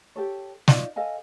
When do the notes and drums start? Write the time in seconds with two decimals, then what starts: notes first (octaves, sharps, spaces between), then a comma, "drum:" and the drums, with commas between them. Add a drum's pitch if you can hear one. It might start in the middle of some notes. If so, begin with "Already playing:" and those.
0.16 G4 A4 C#5
0.68 D#4 F4 D5, drum: snare
0.96 A4 D#5 F5 G#5